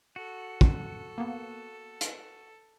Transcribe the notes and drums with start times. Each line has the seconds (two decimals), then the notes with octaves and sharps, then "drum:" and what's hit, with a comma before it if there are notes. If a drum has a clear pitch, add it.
0.16 F#4 A4
0.61 drum: kick
1.18 A#3 B3
2.01 drum: hi-hat